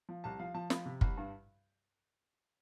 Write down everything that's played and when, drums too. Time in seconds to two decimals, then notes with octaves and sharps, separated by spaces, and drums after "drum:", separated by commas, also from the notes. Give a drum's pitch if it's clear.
0.09 F3
0.24 C2 A5
0.40 F3 F5
0.54 F3 A5
0.70 F3 B5, drum: snare
0.85 C3
1.01 C2, drum: kick
1.17 G2